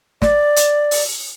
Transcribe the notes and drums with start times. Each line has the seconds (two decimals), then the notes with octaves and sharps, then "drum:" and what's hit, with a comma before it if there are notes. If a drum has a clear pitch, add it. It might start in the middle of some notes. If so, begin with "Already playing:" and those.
0.22 D5, drum: snare
0.56 drum: hi-hat
0.91 drum: open hi-hat